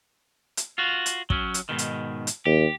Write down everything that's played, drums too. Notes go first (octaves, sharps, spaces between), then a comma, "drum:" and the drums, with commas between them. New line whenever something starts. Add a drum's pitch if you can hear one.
drum: hi-hat
F4 F#4
drum: hi-hat
F#3 C#4, drum: kick
drum: hi-hat
G#2 B2 D#3
drum: hi-hat
drum: hi-hat
D#2 G4